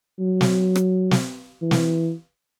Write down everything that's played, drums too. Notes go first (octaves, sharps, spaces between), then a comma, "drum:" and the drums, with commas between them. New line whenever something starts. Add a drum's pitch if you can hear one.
F#3
drum: snare
drum: rim click
drum: snare
E3
drum: snare